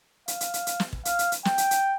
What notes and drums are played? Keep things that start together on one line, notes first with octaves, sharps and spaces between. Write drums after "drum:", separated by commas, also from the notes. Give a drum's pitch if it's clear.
F5, drum: hi-hat
drum: hi-hat
drum: hi-hat
drum: hi-hat
drum: snare
drum: kick
F5, drum: hi-hat
drum: hi-hat
drum: hi-hat
G5, drum: snare
drum: hi-hat
drum: hi-hat